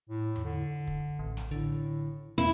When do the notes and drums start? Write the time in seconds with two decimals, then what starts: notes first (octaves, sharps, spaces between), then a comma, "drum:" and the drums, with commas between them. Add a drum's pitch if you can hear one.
0.09 A2
0.36 drum: tom E2
0.45 D3
0.87 drum: kick
1.19 A1
1.37 drum: snare
1.51 A2 D3
2.38 E2 E4